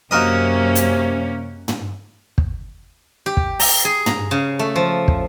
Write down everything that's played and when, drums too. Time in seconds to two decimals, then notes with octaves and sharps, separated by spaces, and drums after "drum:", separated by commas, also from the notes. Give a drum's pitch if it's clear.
0.11 F#2 C3 A#3 C#4 F#4 A#4 D#5
0.75 drum: hi-hat
1.68 drum: tom
2.38 drum: kick
3.26 G4
3.37 drum: kick
3.60 A#5, drum: open hi-hat
3.85 G#4
4.06 A#5, drum: tom
4.31 C#3
4.59 A3
4.76 F3
5.08 drum: kick